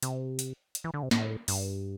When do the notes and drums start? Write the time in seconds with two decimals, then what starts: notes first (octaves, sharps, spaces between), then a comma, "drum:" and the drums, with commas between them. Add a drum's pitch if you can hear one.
0.03 C3, drum: hi-hat
0.39 drum: hi-hat
0.75 drum: hi-hat
0.84 E3
0.94 D3
1.03 C3
1.11 A2, drum: snare
1.48 G2, drum: open hi-hat